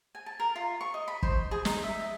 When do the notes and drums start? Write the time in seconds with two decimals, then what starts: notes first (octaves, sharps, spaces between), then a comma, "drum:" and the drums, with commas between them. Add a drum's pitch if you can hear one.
0.15 G#5
0.26 A5
0.40 A#4
0.56 F4
0.81 C#6
0.94 D#5
1.08 B5
1.23 C5, drum: kick
1.51 G#4
1.65 D#4, drum: snare
1.83 E5
2.00 D#5